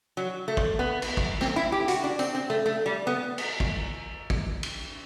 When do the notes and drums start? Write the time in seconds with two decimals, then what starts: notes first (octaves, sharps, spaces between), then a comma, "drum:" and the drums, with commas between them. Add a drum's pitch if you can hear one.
0.17 F#3
0.48 A3
0.57 drum: kick
0.79 B3
1.02 drum: cymbal
1.17 drum: kick
1.41 C4, drum: snare
1.56 E4
1.72 G4
1.88 F#4, drum: hi-hat
2.04 D4
2.19 C4, drum: tambourine
2.35 C4
2.50 A3
2.66 A3
2.86 G3
3.07 B3
3.38 drum: cymbal
3.60 drum: kick
4.30 drum: kick
4.63 drum: cymbal